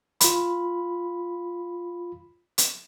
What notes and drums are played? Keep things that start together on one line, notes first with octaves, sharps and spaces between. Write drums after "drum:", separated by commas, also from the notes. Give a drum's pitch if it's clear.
F4 B5, drum: hi-hat
drum: hi-hat